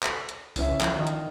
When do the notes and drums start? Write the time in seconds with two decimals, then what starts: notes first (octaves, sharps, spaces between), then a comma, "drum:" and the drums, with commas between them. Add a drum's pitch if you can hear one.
0.03 drum: clap
0.29 drum: hi-hat
0.56 C#2 E3 C#4 E5, drum: open hi-hat
0.81 F3, drum: clap
0.96 D#3 F4 D#5
1.07 drum: hi-hat